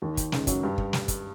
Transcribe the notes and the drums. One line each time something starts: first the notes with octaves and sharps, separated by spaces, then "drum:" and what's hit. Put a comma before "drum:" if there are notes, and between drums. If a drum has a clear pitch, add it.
D#2 D#3
drum: kick, hi-hat
C#2 C#3, drum: snare
F#2 F#3, drum: kick, hi-hat
G2 G3
drum: kick
drum: snare
drum: kick, hi-hat